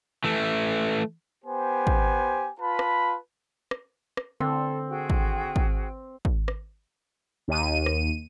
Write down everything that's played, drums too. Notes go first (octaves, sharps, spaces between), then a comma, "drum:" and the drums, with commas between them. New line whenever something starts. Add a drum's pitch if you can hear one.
E3 A3
B3 G4 C5 G#5
drum: kick
F4 B4 A5 B5
drum: rim click
drum: rim click
drum: rim click
D3 C4 A4
F#4 G#4 G5
drum: kick
drum: kick
drum: kick
drum: rim click
D#2 D#7
drum: rim click